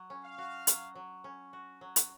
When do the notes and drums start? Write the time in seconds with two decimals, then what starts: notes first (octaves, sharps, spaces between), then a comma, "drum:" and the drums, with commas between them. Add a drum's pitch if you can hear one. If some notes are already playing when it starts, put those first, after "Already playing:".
Already playing: F#3
0.10 C#4
0.24 F5
0.38 F#4
0.67 F#3, drum: hi-hat
0.95 F#3
1.24 C#4
1.53 F#4
1.81 F#3
1.96 drum: hi-hat